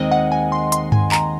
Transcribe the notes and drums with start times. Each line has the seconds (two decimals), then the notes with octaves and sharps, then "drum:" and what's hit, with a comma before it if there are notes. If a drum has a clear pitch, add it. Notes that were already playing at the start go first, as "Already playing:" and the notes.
Already playing: D#2 D#3 G#3 C4 D#5
0.11 F#5
0.32 G#5
0.52 C6
0.72 C6, drum: hi-hat
0.92 G#5, drum: tom G2
1.12 A#5, drum: clap